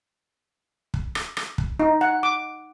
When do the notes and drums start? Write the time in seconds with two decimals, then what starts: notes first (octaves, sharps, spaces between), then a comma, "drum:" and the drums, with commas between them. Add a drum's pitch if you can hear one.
0.94 drum: kick
1.15 drum: rim click
1.37 drum: rim click
1.58 drum: kick
1.80 D#4
2.01 F#5
2.23 D6